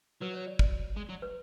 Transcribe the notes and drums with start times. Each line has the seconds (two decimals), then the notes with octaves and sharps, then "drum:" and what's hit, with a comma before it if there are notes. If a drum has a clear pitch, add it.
0.22 F#3 B4
0.34 C#5
0.47 D5
0.59 D5, drum: kick
0.97 G#3
1.10 F#3
1.22 B4